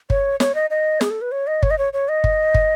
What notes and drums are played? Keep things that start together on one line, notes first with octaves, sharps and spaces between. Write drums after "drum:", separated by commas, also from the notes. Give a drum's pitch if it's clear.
C#5, drum: kick
C#5, drum: snare
D#5
D#5
G#4, drum: snare
A4
B4
C#5
D#5
C#5, drum: kick
D#5
C#5
C#5
D#5
drum: kick
drum: kick